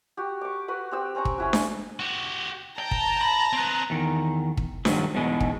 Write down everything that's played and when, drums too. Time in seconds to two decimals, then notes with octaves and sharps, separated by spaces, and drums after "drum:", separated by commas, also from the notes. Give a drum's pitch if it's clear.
0.17 F#4 G4
0.41 C#6 D6
0.68 F#4 B4 F#5
0.91 C4 G4 E6
1.15 C4 C#4 A#5 C#6
1.25 drum: kick
1.38 C#4 E4 F#4
1.53 drum: snare D4
2.00 F#4 G4
2.79 G5 A5 A#5
2.91 drum: kick
3.21 B5
3.53 C4 B4
3.90 E2 D#3
4.57 drum: kick
4.85 G2 D#3 F3 F#3, drum: snare D4
5.15 E2 G#2 B2 G#3
5.40 drum: kick